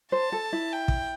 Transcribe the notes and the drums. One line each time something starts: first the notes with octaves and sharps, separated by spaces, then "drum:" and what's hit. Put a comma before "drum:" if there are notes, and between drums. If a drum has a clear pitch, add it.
C5 A5
A4
E4
G5
drum: kick